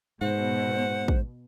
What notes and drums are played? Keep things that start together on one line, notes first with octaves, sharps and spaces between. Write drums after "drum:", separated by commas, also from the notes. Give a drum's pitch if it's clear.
G#2 B2 C5 F#5
drum: kick